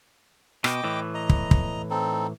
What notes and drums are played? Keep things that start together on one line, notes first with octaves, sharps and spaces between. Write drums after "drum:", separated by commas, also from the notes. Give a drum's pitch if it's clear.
B2 D#5 G5 D6, drum: rim click
A2 E3
D#5 A#5
drum: kick
drum: kick
C4 D#4 A4